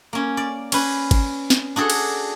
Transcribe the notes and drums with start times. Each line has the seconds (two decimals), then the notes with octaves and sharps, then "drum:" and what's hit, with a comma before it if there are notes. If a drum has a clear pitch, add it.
0.13 A#3 C#4
0.37 D5
0.72 C#4 B4, drum: cymbal
1.11 drum: kick G#1, cymbal
1.50 drum: snare
1.76 D4 F#4 G#4 A4
1.90 drum: cymbal